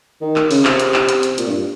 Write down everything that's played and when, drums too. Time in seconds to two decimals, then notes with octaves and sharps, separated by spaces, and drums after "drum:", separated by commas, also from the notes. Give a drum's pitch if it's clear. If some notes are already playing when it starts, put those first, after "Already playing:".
0.21 D#3
0.36 drum: clap
0.51 C#3, drum: open hi-hat
0.65 C3, drum: clap
0.80 drum: hi-hat
0.94 drum: clap
1.09 drum: hi-hat
1.23 drum: hi-hat
1.38 A#2, drum: hi-hat
1.47 G2